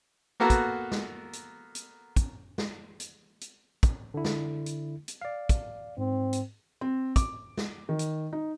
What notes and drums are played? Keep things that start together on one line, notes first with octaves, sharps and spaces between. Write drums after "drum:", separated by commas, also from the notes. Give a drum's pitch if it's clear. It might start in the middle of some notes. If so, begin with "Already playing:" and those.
A#3 B3 F#4 A4 A#4
drum: kick, hi-hat
drum: snare
drum: hi-hat
drum: hi-hat
drum: kick, hi-hat
drum: snare
drum: hi-hat
drum: hi-hat
drum: kick, hi-hat
D3 E4
drum: snare
drum: hi-hat
drum: hi-hat
D5 F5
drum: kick, hi-hat
G#2 C4
drum: hi-hat
C4
D6, drum: kick, hi-hat
drum: snare
D#3
drum: hi-hat
D#4